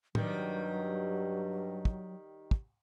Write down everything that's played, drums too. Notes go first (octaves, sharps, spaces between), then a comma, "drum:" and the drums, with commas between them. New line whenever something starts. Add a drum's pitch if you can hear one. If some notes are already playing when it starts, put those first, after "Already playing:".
G2 D#3 F#3 G3, drum: tom
drum: kick
drum: kick